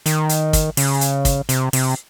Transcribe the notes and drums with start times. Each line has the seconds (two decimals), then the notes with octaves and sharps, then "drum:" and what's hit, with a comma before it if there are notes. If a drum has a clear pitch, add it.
0.06 D#3, drum: hi-hat
0.29 drum: hi-hat
0.53 drum: kick, hi-hat
0.77 C#3, drum: open hi-hat
1.01 drum: hi-hat
1.25 drum: kick, hi-hat
1.49 C3, drum: hi-hat
1.73 C3, drum: open hi-hat